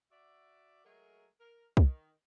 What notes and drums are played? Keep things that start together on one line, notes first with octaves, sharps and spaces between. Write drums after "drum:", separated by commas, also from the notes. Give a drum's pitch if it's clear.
F#4 D5 E5
F#3 G#3 A3 G#4 A#4
A#4
D#3, drum: kick